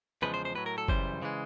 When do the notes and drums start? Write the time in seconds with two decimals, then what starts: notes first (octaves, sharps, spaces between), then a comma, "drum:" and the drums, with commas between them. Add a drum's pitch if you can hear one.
0.22 E2 C#3 F3 G#3 B4
0.34 C5
0.45 C5
0.55 A2 F#3 B4
0.66 A#4
0.78 A4
0.88 F#2 C#3 E3 G3 C5, drum: kick F#1
1.22 C#3 E3 G#3